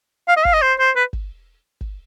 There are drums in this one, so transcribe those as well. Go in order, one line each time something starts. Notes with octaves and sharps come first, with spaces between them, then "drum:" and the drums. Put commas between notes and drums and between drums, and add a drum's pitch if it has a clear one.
F5
D#5
F5, drum: kick
D#5
C5
C5
B4
drum: kick
drum: kick